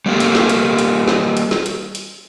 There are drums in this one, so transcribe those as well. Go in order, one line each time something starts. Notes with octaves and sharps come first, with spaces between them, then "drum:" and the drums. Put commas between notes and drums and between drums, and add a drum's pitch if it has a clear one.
G3 A#3 F#4 G4 A4
drum: hi-hat
drum: snare
drum: hi-hat
drum: hi-hat
drum: snare
drum: hi-hat
drum: snare
drum: hi-hat
drum: hi-hat